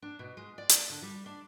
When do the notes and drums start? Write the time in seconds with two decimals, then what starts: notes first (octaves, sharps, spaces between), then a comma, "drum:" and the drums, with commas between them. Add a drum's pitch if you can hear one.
0.02 D4
0.19 B2
0.37 G#3
0.58 D5
0.69 drum: hi-hat
0.90 D3
1.02 G3
1.26 D4